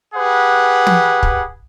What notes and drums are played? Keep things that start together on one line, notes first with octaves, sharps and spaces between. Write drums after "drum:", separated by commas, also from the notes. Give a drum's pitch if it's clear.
G4 G#4 B4 F#5
drum: tom
drum: kick